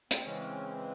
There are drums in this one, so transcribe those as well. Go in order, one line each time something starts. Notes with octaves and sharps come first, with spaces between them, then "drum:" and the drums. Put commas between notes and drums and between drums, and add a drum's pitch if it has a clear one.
C4, drum: hi-hat
C#3 E3 G#3 C4 C#4